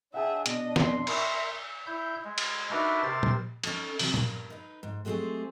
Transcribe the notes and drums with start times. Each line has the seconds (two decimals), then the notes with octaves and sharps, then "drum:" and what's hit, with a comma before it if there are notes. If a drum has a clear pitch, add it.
0.14 D4 G#4 E5 F#5 G5 A5
0.46 B2 D#5, drum: hi-hat
0.76 F2 B2 C6, drum: snare
1.07 A#4 E5 B5 C#6 D#6, drum: cymbal
1.87 E4 G6
2.24 G#3
2.38 drum: cymbal
2.71 D4 D#4 F#4 A#4 B4 E5
3.04 C3 A#4 C5 A6
3.23 drum: tom A#2
3.64 C#4 D#4 A4, drum: cymbal
3.99 C3 E3 F#3, drum: open hi-hat
4.14 G2 A#4, drum: tom A#2
4.50 D#4 B4
4.83 G#2
5.05 F#3 G#3 A3 C4 G4 G#4